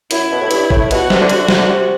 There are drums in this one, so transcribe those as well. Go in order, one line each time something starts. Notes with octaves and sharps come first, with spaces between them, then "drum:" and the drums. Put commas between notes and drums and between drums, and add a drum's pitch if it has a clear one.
F#2 E4, drum: hi-hat
B2
A2
G2, drum: hi-hat
A2, drum: kick
B2 F#4, drum: hi-hat
C3, drum: snare
D3
C3, drum: hi-hat
D3
C3, drum: snare
D3
C3